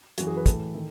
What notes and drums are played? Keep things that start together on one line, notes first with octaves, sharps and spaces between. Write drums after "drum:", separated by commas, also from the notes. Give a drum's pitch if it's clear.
F#2 E3 F#4, drum: hi-hat
G#4
B4
A2 E3 A4, drum: kick, hi-hat
D#3